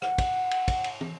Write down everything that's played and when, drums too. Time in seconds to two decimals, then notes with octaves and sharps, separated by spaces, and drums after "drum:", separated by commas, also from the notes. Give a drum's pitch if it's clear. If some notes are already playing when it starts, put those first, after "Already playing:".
0.02 F#5, drum: rim click
0.18 drum: kick, cymbal
0.51 drum: cymbal
0.68 drum: kick, cymbal
0.84 drum: cymbal
1.01 drum: tom